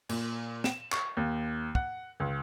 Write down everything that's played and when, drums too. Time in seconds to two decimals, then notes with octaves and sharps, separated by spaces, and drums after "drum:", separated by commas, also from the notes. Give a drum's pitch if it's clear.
0.09 A#2, drum: cymbal
0.64 E7, drum: snare
0.92 C#6, drum: clap
1.17 D#2
1.75 F#5, drum: kick
2.20 C#2